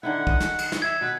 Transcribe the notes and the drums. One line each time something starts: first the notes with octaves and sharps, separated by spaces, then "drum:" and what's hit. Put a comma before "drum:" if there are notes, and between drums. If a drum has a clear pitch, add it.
D3 D#3 E4 F#5
D#5, drum: kick
drum: snare
drum: cymbal
drum: snare
E5 G#6
B2 B4